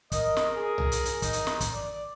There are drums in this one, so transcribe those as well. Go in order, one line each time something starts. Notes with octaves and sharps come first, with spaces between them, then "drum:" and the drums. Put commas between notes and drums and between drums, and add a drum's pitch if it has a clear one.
A#4 D#5, drum: kick, hi-hat
drum: snare
G#4
drum: tom C2
drum: hi-hat
drum: hi-hat
D#4, drum: kick, hi-hat
drum: hi-hat
drum: snare
drum: kick, hi-hat
D5